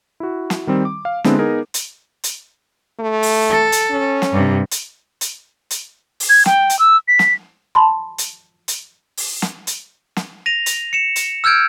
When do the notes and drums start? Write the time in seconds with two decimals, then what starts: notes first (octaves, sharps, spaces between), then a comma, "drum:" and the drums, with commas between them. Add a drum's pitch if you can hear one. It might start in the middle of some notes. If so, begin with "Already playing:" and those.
0.20 E4 F#4
0.50 drum: snare
0.67 D#3 G3 C4
0.85 D6
1.05 F5
1.24 D3 G#3 B3 C4 D4 E4, drum: snare
1.39 B3 D#4 G#4 A#4
1.74 drum: hi-hat
2.24 drum: hi-hat
3.00 A3
3.23 drum: open hi-hat
3.51 A4
3.72 drum: hi-hat
3.91 C#4
4.22 drum: snare
4.32 G2 C3
4.71 drum: hi-hat
5.21 drum: hi-hat
5.70 drum: hi-hat
6.20 drum: open hi-hat
6.29 G#6
6.46 G5, drum: snare
6.70 drum: hi-hat
6.79 E6
7.08 B6
7.19 drum: snare
7.75 A5 B5 C6
8.18 drum: hi-hat
8.68 drum: hi-hat
9.17 drum: open hi-hat
9.42 drum: snare
9.67 drum: hi-hat
10.17 drum: snare
10.46 A#6 D#7 F7
10.66 drum: hi-hat
10.93 C#7 E7
11.16 drum: hi-hat
11.44 E6 F6 G6 G#6 D7